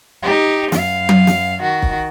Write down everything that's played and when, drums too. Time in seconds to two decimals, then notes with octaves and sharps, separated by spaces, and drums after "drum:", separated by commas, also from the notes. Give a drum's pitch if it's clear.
0.22 D#4 G4
0.72 F#2 F5, drum: snare
1.09 drum: tom F#3
1.27 drum: snare
1.59 D#3 F#4
1.82 drum: kick